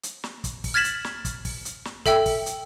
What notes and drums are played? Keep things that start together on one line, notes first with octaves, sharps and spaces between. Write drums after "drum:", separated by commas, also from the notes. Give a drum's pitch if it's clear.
drum: hi-hat
drum: snare
drum: kick, hi-hat
drum: kick, open hi-hat
F6 G#6 A6 B6 E7 F#7
drum: hi-hat
drum: snare
drum: kick, hi-hat
drum: kick, open hi-hat
drum: hi-hat
drum: snare
A4 E5 G5 E6, drum: kick, hi-hat
drum: kick, open hi-hat
drum: hi-hat